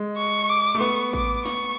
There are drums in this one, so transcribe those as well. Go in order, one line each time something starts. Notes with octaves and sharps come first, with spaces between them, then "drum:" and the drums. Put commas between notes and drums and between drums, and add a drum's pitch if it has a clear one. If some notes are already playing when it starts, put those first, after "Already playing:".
Already playing: G#3
C#6
D6
A3
B3 C#6
D6, drum: kick A1
C#6, drum: snare